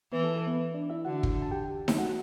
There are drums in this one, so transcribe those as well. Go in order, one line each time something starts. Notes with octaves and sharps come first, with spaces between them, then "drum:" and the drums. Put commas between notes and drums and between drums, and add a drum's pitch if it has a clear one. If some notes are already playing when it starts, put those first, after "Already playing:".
E3 B3 B4
A4
A4
B3 B4
D4 D5
E4 E5
D3 F#4 F#5
drum: kick
A5
G4 G5
E5, drum: snare D#4
F#4 F#5